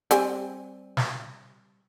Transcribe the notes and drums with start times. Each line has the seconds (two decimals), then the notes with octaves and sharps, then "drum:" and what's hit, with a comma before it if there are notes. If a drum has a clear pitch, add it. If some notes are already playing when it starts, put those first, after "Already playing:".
0.11 G3 C4 G#5, drum: hi-hat
0.97 drum: snare